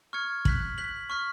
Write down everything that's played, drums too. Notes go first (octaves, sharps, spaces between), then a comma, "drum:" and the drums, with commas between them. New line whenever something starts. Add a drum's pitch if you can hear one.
C#6 F6 G#6 C#7
F#6 B6 F#7, drum: kick
F#6 B6 F#7
C#6 F6 B6